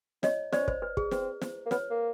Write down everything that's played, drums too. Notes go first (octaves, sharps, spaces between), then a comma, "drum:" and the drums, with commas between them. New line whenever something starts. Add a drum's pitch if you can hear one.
C#4 C#5 D#5, drum: snare
C#4 C5 D5, drum: snare
C5, drum: kick
B4
G#4, drum: kick
C4 B4, drum: snare
C5, drum: snare
A#3
B3 B4 C#5, drum: snare
A#3